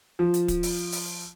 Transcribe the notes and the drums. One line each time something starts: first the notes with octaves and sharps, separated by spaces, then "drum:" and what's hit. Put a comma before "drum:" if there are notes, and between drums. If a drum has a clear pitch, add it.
F3
drum: hi-hat
drum: kick, hi-hat
drum: open hi-hat
drum: open hi-hat